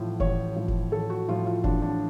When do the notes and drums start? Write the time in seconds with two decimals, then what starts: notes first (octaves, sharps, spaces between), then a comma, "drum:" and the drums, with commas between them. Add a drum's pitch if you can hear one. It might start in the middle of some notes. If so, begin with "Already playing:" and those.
Already playing: A1 A2 F3
0.20 A1 C#5, drum: kick F1
0.56 A2 F3
0.68 drum: kick F1
0.92 A1 A4
1.10 F#4
1.28 A2 F3 F4
1.46 F4
1.64 A1 D4, drum: kick F1
1.82 D4